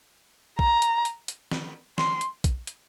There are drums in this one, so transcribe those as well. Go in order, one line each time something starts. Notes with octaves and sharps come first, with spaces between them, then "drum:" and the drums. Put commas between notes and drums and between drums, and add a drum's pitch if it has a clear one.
A#5, drum: kick
drum: hi-hat
drum: hi-hat
drum: hi-hat
drum: snare
C6, drum: snare
drum: hi-hat
drum: kick, hi-hat
drum: hi-hat